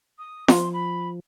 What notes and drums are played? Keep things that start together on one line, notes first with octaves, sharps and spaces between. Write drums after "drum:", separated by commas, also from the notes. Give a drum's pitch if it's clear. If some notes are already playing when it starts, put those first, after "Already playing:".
D#6
F3 C6, drum: snare F4
B5